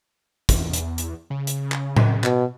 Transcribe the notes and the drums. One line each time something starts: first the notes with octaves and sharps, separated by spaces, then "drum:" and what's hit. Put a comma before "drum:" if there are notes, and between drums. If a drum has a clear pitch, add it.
E2, drum: kick, hi-hat
drum: hi-hat
drum: hi-hat
C#3
drum: hi-hat
drum: clap
drum: tom A2
B2, drum: clap